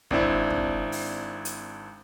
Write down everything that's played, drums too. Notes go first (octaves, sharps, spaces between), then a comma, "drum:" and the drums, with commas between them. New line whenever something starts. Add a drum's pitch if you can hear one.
G#1 C4 D4 E4, drum: kick
drum: kick
drum: open hi-hat
drum: hi-hat